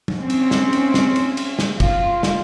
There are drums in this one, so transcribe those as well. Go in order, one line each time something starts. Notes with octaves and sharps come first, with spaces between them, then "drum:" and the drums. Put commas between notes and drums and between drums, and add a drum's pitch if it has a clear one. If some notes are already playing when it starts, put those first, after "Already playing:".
drum: tom
C4 C#4
drum: cymbal
drum: snare
drum: cymbal
drum: snare
drum: cymbal
drum: cymbal
drum: snare
F4, drum: kick, cymbal
drum: snare